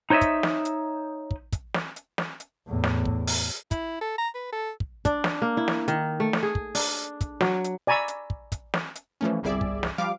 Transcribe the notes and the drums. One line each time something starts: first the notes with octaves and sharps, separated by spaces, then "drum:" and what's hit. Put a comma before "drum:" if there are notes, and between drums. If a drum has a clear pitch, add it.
D#4 C5 C#5 D#5 E5
drum: kick, hi-hat
drum: snare
drum: hi-hat
drum: kick
drum: kick, hi-hat
drum: snare
drum: hi-hat
drum: snare
drum: hi-hat
E2 A2
drum: snare
drum: kick
drum: open hi-hat
E4, drum: kick, hi-hat
A4
A#5
B4
A4
drum: kick
D4, drum: kick, hi-hat
drum: snare
A#3
E4
drum: snare
D#3, drum: hi-hat
A3
drum: snare
G#4
drum: kick
D4, drum: open hi-hat
drum: kick, hi-hat
F#3, drum: snare
drum: hi-hat
D5 G#5 A#5 B5 C#6 E6
drum: hi-hat
drum: kick
drum: kick, hi-hat
drum: snare
drum: hi-hat
E3 F3 A3 C#4
G1 C2 G3 G#4 D5 E5
drum: kick
drum: snare
F3 G3 F5 D6